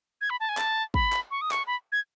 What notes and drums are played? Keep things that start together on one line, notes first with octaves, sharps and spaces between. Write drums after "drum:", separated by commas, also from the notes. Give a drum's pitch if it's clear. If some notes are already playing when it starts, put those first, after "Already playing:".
G#6
B5
A5
G#5
A5, drum: clap
B5, drum: kick
drum: clap
C#6
D#6
C#6, drum: clap
B5
G#6